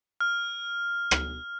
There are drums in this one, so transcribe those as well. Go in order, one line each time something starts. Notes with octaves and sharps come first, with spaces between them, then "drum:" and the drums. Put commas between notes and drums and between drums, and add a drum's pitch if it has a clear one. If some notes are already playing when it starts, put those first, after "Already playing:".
F6
drum: rim click